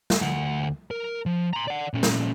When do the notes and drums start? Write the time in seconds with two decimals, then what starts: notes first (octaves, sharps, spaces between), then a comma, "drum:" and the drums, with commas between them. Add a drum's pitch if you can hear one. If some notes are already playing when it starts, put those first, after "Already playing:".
0.10 drum: snare
0.22 D2 F#5
0.91 A#4
1.26 F3
1.53 A#5 C6
1.68 D5 F#5
1.93 A#2 C#4
2.03 drum: snare